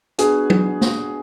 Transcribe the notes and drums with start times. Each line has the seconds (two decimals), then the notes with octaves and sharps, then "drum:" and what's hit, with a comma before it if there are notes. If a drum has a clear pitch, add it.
0.19 B3 D4 F#4 G#4 B4, drum: hi-hat
0.50 drum: tom F#3
0.81 drum: snare